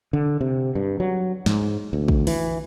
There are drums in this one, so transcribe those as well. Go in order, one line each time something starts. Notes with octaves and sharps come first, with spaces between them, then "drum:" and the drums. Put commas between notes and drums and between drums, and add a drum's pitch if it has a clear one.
D3
C3
G2
F#3
G#2, drum: snare
D2
drum: kick
E3, drum: open hi-hat